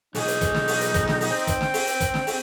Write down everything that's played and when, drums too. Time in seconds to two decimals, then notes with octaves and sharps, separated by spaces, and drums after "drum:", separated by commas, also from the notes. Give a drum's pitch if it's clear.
0.15 B1 D#4 G#4, drum: open hi-hat
0.28 drum: hi-hat
0.41 drum: kick, hi-hat
0.54 drum: snare
0.68 drum: open hi-hat
0.81 drum: hi-hat
0.94 drum: kick, hi-hat
1.07 drum: snare
1.21 drum: open hi-hat
1.31 C4 G5
1.47 drum: kick, hi-hat
1.61 drum: snare
1.74 drum: open hi-hat
1.87 drum: hi-hat
2.00 drum: kick, hi-hat
2.14 drum: snare
2.27 drum: open hi-hat